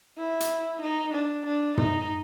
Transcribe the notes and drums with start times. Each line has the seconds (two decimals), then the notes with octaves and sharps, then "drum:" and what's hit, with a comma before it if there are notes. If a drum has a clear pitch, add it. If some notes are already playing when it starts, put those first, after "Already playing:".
0.18 E4
0.40 drum: hi-hat
0.82 D#4
1.14 D4
1.46 D4
1.78 D#4, drum: tom